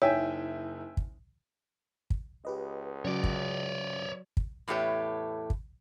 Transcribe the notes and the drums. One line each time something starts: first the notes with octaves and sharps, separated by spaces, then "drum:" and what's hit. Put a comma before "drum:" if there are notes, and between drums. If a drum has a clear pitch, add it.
F#1 D#4 E4 C#5 E5 G5 G#5
drum: kick
drum: kick
C#2 G4 B4 D#5
C#3 F#3 F#4 C#5 D5
drum: kick
drum: kick
E2 A2 A3 G4 B4 C#5
drum: kick